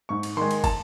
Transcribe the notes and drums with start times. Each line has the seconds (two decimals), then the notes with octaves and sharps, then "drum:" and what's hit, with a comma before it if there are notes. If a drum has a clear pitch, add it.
0.09 G#2 C#6
0.23 drum: cymbal
0.37 D#3 G#3 C6
0.51 drum: cymbal
0.64 A5, drum: kick, cymbal